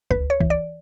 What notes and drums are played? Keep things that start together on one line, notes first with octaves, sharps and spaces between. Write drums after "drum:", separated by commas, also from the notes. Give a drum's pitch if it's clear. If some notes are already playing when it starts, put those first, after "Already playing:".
D2 B4, drum: kick C#2
C#5
E3, drum: kick C#2
D5